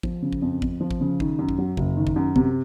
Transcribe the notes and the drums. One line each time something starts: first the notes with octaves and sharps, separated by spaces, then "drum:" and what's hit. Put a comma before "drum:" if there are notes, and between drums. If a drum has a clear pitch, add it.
F3, drum: kick G#1
C#3
drum: kick G#1
F2
F2, drum: kick G#1
F3
drum: kick G#1
C#3
D#3, drum: kick G#1
F#2
drum: kick G#1
F#3
F#1, drum: kick G#1
D#3
drum: kick G#1
F#2
C3, drum: kick G#1